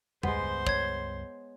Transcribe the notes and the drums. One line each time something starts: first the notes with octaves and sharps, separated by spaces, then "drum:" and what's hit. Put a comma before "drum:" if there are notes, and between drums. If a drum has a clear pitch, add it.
C#2 G2 G3 G#3 B3 C5 C6, drum: tom E2
C#5 G#6, drum: kick